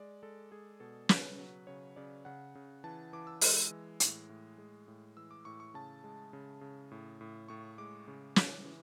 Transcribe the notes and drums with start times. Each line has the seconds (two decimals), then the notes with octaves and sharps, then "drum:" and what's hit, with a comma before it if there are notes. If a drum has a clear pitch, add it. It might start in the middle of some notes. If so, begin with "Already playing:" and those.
Already playing: G#3 D5
0.23 G#3 A4
0.52 G#3 G#4
0.80 B2 A4
1.09 C#3 B4, drum: snare
1.38 F#3
1.67 C#3 C#5
1.96 C#3 D5
2.25 C#3 F#5
2.55 C#3
2.84 E3 A5
3.13 E3 D6
3.27 E6
3.41 G#3, drum: open hi-hat
3.71 E3
4.00 A2, drum: hi-hat
4.29 A2
4.58 G#3
4.88 A2
5.17 E3 E6
5.31 D6
5.45 A2 C#6
5.60 C#6
5.74 C#3 A5
6.04 G#3
6.33 C#3
6.61 C#3
6.91 A2
7.21 A2
7.48 A2 C#6
7.78 G#3 D6
8.08 C#3
8.36 E3, drum: snare
8.65 E3